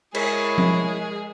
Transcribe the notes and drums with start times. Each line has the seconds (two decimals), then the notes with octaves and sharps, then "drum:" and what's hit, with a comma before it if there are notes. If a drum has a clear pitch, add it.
0.15 G#3 E4 G#4 A#4 C#5 B5, drum: cymbal
0.58 drum: tom F3